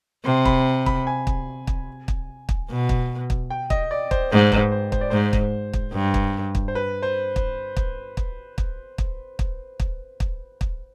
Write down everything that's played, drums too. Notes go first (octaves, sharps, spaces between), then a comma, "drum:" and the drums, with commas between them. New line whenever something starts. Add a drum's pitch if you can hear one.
C3 C6
B5, drum: kick
B5, drum: kick
G#5
drum: kick
drum: kick
drum: kick
drum: kick
B2
drum: kick
drum: kick
G5
D#5, drum: kick
D5
C5, drum: kick
G#2 C5
B4, drum: kick
C5
C5, drum: kick
D5
G#2 C5
drum: kick
drum: kick
G2
drum: kick
drum: kick
C5
B4
C5
drum: kick
drum: kick
drum: kick
drum: kick
drum: kick
drum: kick
drum: kick
drum: kick
drum: kick